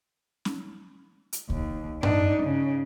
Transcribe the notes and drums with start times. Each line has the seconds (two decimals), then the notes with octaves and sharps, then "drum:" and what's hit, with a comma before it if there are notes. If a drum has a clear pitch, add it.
0.45 drum: snare C#4
1.33 drum: hi-hat
1.50 D#2, drum: kick C2
2.03 D4 D#4, drum: tom G2
2.43 C#3